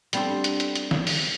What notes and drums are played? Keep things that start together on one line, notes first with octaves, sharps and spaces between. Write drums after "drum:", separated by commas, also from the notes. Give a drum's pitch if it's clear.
G3 B3 C4 D4 G4 A4, drum: hi-hat
drum: hi-hat
drum: hi-hat
drum: hi-hat
drum: snare
drum: open hi-hat